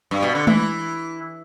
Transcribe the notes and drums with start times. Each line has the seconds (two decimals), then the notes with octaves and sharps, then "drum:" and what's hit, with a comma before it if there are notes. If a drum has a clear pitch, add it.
0.11 G2
0.23 B2
0.35 D3
0.47 E3, drum: tom G#3